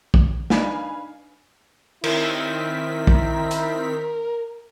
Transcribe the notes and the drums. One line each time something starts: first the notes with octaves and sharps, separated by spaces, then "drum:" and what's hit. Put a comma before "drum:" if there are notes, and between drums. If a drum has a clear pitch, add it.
drum: kick
D4 D#4 B4 F5 G#5, drum: snare
D#3 C4 E4 A#4 B6, drum: cymbal
drum: kick
drum: hi-hat